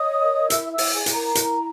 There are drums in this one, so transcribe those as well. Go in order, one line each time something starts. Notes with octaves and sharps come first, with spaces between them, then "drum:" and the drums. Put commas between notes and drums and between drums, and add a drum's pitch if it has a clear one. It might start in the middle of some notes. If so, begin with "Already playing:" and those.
Already playing: C#5 D#5 D#6
A#4
E4 E5 E6, drum: hi-hat
E5 E6
E4, drum: open hi-hat
G#4 G#5
E4, drum: hi-hat
A#4 A#5
E4, drum: hi-hat